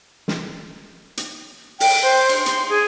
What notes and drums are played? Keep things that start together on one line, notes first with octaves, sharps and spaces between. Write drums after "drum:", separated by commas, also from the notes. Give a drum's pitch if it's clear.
drum: snare
drum: hi-hat
G5, drum: open hi-hat
C5
drum: cymbal
C6, drum: hi-hat
G#4